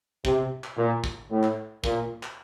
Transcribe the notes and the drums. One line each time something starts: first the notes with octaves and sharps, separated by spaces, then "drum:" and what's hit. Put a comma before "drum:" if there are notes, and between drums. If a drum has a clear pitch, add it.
C3, drum: kick
drum: clap
A#2
drum: kick
A2
drum: clap
A#2, drum: kick
drum: clap